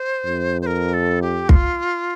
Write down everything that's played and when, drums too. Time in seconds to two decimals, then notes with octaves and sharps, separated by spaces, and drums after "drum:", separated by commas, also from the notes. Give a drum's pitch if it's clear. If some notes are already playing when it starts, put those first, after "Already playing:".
Already playing: C5
0.25 F2
0.62 C5
0.66 A#4
0.94 A4
1.22 G4
1.49 F4, drum: kick